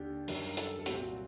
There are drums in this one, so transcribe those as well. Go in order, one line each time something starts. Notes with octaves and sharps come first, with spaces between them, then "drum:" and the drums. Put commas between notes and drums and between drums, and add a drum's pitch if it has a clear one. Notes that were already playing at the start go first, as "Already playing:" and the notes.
Already playing: D#2 D3 D4 G4
F#2 D#3 G3 D4, drum: open hi-hat
A#4
A4, drum: hi-hat
A4
C2 A#2 F#3 C4 G4, drum: hi-hat
F#4